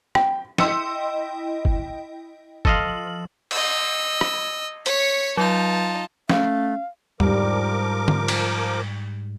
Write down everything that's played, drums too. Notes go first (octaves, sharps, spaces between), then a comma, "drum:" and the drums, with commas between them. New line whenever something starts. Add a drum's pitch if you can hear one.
G5, drum: rim click
E4 D#5 G5 C6 E6 C#7, drum: snare
drum: kick
F3 A4 D#5 F5 F#7, drum: kick
D#5 E6, drum: cymbal
drum: rim click
C#5 C#6 B6, drum: hi-hat
F#3 D#4 F4 A5 G6
A3 C#4 F5, drum: snare
G#2 F3 G3 A#4 D6, drum: tom
drum: tom D3
drum: cymbal